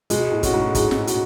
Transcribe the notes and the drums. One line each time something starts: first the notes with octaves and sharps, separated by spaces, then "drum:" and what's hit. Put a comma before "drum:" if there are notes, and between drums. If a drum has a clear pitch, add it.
B2 G#3, drum: hi-hat
A2
C#4 F#4, drum: kick, hi-hat
G#2
G#2 G#3, drum: kick, hi-hat
drum: snare
F#4, drum: hi-hat